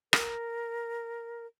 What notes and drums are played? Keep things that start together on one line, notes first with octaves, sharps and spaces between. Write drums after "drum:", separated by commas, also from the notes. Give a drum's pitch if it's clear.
A#4, drum: rim click